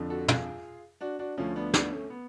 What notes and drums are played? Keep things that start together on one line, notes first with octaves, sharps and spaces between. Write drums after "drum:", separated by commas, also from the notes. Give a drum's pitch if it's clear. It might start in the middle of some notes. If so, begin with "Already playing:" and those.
Already playing: F2 D3 F3
F#4 A4
F4 G#4, drum: tom
D4 F#4
D4 F#4
D2 D3 F3 C#4 F4
B3 D4
B3 D4, drum: snare
A3 C#4
B3